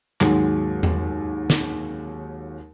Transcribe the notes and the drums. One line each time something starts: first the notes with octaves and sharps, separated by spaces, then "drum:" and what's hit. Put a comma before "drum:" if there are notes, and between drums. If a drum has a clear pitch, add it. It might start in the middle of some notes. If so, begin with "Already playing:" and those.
D#2 G#2 F#3 G#3, drum: clap
drum: tom E2
drum: snare